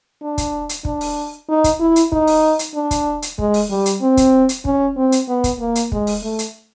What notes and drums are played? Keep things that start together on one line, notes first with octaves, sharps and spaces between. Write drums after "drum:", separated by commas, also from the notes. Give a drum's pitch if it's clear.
D4
drum: kick, hi-hat
drum: hi-hat
D4, drum: kick
drum: open hi-hat
D#4
drum: kick, hi-hat
E4
drum: hi-hat
D#4, drum: kick
drum: open hi-hat
drum: hi-hat
D4
drum: kick, hi-hat
drum: hi-hat
G#3, drum: kick
drum: open hi-hat
G3
drum: hi-hat
C4
drum: kick, hi-hat
drum: hi-hat
C#4, drum: kick
C4
drum: hi-hat
B3
drum: kick, hi-hat
A#3
drum: hi-hat
G#3, drum: kick
drum: open hi-hat
A3
drum: hi-hat